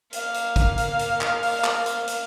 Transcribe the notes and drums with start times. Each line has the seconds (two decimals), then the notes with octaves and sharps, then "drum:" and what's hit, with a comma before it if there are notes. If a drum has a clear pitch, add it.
0.13 A#3 F5, drum: hi-hat
0.34 drum: hi-hat
0.56 drum: kick, hi-hat
0.78 drum: hi-hat
0.99 drum: hi-hat
1.21 drum: clap
1.43 drum: open hi-hat
1.64 drum: clap
1.86 drum: hi-hat
2.07 drum: hi-hat